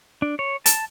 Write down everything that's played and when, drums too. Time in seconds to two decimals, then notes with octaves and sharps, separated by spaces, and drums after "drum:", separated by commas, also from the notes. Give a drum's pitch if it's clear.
0.22 D4
0.39 C#5
0.66 A5, drum: hi-hat